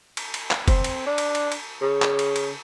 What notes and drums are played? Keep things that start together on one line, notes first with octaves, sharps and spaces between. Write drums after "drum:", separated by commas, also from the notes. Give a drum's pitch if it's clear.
drum: cymbal
drum: cymbal
drum: clap
C4, drum: kick, cymbal
drum: cymbal
D4
drum: cymbal
drum: cymbal
drum: cymbal
C#3
drum: clap
drum: cymbal
drum: cymbal